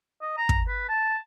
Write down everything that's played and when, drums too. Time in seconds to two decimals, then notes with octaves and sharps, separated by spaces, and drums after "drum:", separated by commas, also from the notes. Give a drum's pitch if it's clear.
0.22 D#5
0.37 A#5
0.49 drum: kick
0.68 B4
0.89 A5